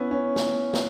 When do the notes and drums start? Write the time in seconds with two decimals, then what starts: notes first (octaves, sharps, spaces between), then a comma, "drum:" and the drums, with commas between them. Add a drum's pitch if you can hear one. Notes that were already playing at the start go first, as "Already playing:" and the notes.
Already playing: B3 C#4 E4
0.11 C#4
0.36 drum: snare
0.73 drum: snare